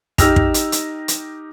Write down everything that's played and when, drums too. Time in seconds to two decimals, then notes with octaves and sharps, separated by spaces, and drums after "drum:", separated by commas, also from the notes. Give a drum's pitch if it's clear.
0.18 D#4 G4 E6 F6 A#6 F7, drum: kick, hi-hat
0.36 drum: kick
0.54 drum: hi-hat
0.72 drum: hi-hat
1.08 drum: hi-hat